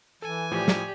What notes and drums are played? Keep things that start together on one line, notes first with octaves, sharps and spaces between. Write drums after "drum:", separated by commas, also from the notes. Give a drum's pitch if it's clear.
E3 A4 G#5
A2 F3 G4 D5
drum: snare